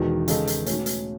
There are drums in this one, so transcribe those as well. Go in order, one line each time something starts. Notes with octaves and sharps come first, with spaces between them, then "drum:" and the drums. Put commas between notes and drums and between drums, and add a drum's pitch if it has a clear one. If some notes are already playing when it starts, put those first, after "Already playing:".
Already playing: E1 E2 B2 D#3 G#3
C#3 G#3 D#4 A4, drum: hi-hat
drum: hi-hat
B2 A3 C#4, drum: hi-hat
drum: hi-hat